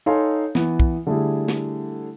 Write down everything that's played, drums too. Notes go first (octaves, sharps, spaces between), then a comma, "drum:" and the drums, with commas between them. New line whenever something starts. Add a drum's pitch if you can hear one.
D#4 A4 C#5 F5 G#5 C6
E3 B3, drum: snare
drum: kick
D3 G3 A3 E4 G#4
drum: snare